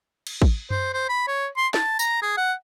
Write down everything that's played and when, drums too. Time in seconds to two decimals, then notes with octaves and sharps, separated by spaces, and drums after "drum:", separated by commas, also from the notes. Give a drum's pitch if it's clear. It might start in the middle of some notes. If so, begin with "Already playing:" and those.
0.27 drum: cymbal
0.42 drum: kick
0.70 C5, drum: tom F#2
0.94 C5
1.09 B5
1.28 C#5
1.57 C6
1.74 A5, drum: snare
1.99 A#5, drum: tambourine
2.22 G#4
2.37 F#5